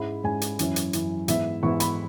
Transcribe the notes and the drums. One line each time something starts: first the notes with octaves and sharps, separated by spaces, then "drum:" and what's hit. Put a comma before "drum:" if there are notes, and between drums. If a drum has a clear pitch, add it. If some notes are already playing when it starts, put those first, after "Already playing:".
Already playing: G#2 G#3 C#4 E4 B5
G#2 G#3 C#4 E4 G#5
drum: hi-hat
F#2 E3 C#4 E4, drum: hi-hat
drum: hi-hat
F#2 E3 C#4 E4, drum: hi-hat
G#2 E3 B3 E4 E5, drum: hi-hat
G#2 E3 B3 E4 C#6
B5, drum: hi-hat